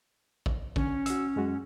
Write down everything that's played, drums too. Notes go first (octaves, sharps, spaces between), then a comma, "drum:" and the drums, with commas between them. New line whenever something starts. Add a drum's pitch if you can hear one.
drum: kick A1
D3 C#4, drum: kick A1
F#4 E6, drum: hi-hat
F#2 G#3 F#4